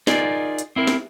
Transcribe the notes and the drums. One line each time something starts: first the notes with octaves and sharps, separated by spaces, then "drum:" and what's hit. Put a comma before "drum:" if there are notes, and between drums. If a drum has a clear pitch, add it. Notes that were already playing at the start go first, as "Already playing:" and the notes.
D#4 F4 G#4 A#4 D5, drum: snare
drum: hi-hat
C4 E4 A#4
drum: snare